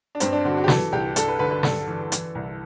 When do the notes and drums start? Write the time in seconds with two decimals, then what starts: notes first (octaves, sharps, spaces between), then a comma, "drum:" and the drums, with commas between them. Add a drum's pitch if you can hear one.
0.15 D4
0.20 G2 C4, drum: hi-hat
0.32 D4
0.45 D3 F#4
0.57 F#4
0.64 G4
0.68 E3 A4, drum: snare
0.92 C2 G4
1.16 G2 A4, drum: hi-hat
1.28 B4
1.39 D3 B4
1.51 B4
1.63 G2 A4, drum: snare
1.87 E3
2.12 E3, drum: hi-hat
2.35 C2